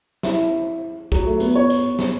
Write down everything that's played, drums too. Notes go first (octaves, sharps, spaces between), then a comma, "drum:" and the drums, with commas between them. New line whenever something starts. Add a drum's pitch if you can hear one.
E4, drum: snare
F#3, drum: kick
A3
B3, drum: hi-hat
C#5
drum: hi-hat
drum: snare